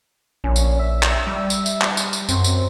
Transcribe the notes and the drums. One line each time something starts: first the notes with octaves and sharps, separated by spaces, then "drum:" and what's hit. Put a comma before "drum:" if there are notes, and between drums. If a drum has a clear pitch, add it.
A#1 C#4
drum: tambourine
E5
drum: clap
G3
drum: tambourine
drum: tambourine
drum: clap
drum: tambourine
drum: tambourine
F#2 C4, drum: tambourine
drum: tambourine